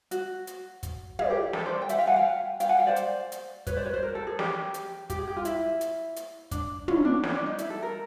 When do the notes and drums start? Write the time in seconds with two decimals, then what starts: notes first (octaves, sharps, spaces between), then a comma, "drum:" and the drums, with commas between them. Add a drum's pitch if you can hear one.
0.11 F#4, drum: hi-hat
0.47 drum: hi-hat
0.83 drum: kick, hi-hat
1.19 G#4, drum: tom
1.30 G4
1.53 A4, drum: snare
1.66 C5 D5
1.82 G5
1.89 E5 F#5, drum: hi-hat
1.99 F5 G5
2.07 F#5 G#5
2.16 F5 G5
2.60 F5 G5, drum: hi-hat
2.69 F#5 G#5
2.78 F5 G5
2.87 C5 D5
2.96 drum: hi-hat
3.32 drum: hi-hat
3.67 B4 C#5, drum: kick, hi-hat
3.77 C5 D5
3.85 B4 C#5
3.94 C5
4.03 A#4
4.15 A4
4.27 G#4
4.39 G4, drum: snare
4.74 drum: hi-hat
5.10 G4, drum: kick, hi-hat
5.19 G#4
5.27 G4
5.36 F4
5.45 E4, drum: hi-hat
5.81 drum: hi-hat
6.16 drum: hi-hat
6.51 D4, drum: kick, hi-hat
6.88 C#4, drum: tom
7.05 D4
7.24 C#4, drum: snare
7.35 D4
7.46 D#4
7.58 E4, drum: hi-hat
7.70 A4
7.83 A#4